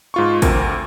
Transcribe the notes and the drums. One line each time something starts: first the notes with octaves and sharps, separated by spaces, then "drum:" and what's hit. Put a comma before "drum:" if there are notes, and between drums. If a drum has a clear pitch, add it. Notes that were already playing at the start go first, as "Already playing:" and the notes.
G#2 F4 C#6
D2 C4 A#4, drum: kick, hi-hat